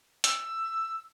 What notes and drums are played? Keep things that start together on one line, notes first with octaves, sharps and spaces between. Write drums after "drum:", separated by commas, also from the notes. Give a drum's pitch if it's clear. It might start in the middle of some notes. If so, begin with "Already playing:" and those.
E6, drum: hi-hat